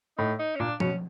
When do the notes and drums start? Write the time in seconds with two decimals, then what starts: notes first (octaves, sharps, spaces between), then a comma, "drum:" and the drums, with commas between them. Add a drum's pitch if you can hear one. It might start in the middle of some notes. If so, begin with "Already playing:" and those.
0.18 A2 D#4
0.39 D#4
0.55 C#4
0.60 A#2 D4
0.80 B2 C#4, drum: tom F3